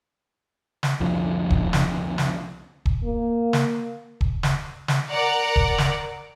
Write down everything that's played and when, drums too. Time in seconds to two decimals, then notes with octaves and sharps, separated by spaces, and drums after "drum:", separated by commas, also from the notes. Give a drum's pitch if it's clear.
0.83 drum: snare
1.00 C2 F2 D3 F3
1.50 drum: kick
1.73 drum: snare
2.18 drum: snare
2.86 drum: kick
3.04 A#3
3.53 drum: snare
4.21 drum: kick
4.43 drum: snare
4.88 drum: snare
5.11 A#4 D5 F#5 A#5
5.56 drum: kick
5.78 drum: snare